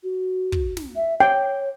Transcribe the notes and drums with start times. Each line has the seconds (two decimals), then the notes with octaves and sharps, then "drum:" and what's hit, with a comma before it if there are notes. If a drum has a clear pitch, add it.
0.03 F#4
0.52 drum: kick
0.77 drum: snare
0.96 E5
1.20 C#5 G5